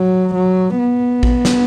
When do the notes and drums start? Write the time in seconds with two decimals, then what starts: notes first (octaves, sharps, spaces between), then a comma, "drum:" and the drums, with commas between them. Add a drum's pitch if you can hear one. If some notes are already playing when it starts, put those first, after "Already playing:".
Already playing: F#3
0.35 F#3
0.79 B3
1.23 drum: kick A1
1.45 drum: snare